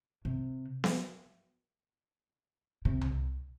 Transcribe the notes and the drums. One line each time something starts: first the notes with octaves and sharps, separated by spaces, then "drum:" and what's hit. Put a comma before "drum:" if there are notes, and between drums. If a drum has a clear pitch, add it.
C3
drum: snare B3
C3
drum: tom C2